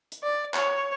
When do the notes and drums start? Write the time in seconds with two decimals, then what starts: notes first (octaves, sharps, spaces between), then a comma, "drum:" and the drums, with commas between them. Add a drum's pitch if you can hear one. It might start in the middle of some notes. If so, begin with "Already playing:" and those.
0.12 drum: hi-hat
0.23 D5
0.54 C#5, drum: clap